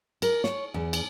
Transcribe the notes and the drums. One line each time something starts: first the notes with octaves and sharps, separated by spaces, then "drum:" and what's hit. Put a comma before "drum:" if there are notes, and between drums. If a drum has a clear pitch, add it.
A#4, drum: cymbal
C#5, drum: snare
E2
drum: cymbal